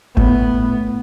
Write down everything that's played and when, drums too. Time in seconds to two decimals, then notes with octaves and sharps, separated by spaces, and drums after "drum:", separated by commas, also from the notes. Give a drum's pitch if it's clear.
0.17 A2 B3, drum: kick G#1